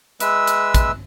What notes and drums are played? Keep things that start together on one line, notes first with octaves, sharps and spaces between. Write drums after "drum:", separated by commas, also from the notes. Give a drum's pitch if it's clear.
G#3 B4 E5 E6, drum: hi-hat
drum: hi-hat
drum: kick, hi-hat